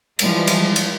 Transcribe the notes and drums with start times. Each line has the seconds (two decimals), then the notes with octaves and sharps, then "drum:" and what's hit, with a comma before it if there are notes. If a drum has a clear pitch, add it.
0.19 E3 F3 G3 G#3, drum: cymbal
0.47 drum: cymbal
0.76 drum: cymbal